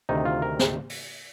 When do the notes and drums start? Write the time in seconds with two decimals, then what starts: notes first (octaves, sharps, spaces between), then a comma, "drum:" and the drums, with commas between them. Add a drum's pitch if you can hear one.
0.09 D2 C3 D#3 D#4
0.25 F4
0.42 A#4
0.59 drum: snare
0.89 drum: open hi-hat